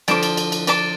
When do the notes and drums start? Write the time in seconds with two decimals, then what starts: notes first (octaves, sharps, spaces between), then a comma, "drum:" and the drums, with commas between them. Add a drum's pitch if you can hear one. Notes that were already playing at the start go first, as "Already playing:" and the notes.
0.08 D3 F3 D5 A5 D6, drum: cymbal
0.23 drum: cymbal
0.37 drum: cymbal
0.52 drum: cymbal
0.67 D5 A5 D6, drum: cymbal